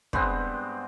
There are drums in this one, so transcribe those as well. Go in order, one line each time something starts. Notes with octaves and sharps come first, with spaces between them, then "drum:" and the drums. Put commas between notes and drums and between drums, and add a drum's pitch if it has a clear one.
G2 G#3 B3 C4, drum: kick